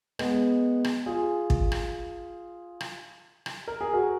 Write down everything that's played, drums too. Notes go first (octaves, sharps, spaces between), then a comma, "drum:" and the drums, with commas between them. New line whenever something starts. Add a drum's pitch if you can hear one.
G#3 B3, drum: rim click
drum: rim click
F4 G#4
drum: kick
drum: rim click
drum: rim click
drum: rim click
A#4
G#4
F#4 A#4